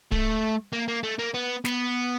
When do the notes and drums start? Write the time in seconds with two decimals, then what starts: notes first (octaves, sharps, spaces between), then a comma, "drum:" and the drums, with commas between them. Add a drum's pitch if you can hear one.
0.12 A3, drum: kick D1
0.73 A#3
0.88 A#3
1.03 A3
1.19 A#3
1.34 B3
1.65 B3, drum: snare